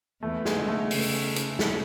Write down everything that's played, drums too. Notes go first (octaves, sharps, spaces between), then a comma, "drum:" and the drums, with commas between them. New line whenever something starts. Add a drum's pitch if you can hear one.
E2 E3 A3
G#3, drum: snare
D3
A3
C#3, drum: open hi-hat
drum: hi-hat
drum: snare